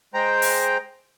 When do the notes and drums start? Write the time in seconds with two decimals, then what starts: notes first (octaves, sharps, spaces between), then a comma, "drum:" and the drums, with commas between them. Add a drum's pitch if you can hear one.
0.14 G#3 C5 G5 A#5
0.42 drum: open hi-hat